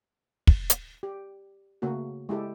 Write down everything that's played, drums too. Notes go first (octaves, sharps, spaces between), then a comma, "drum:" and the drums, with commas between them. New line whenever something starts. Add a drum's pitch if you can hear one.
drum: kick
drum: hi-hat
G4
C#3 A3 A#3 F#4
G#3 E4 G4 A4